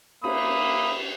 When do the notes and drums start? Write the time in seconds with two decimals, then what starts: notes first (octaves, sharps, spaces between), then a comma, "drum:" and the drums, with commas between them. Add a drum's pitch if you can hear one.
0.24 A#3 E5 B5 D#6, drum: cymbal